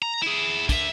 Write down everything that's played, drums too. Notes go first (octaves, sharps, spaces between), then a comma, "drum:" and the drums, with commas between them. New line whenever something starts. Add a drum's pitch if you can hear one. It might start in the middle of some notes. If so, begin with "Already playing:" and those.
A#5
E4 G#4
D3 E5, drum: kick, cymbal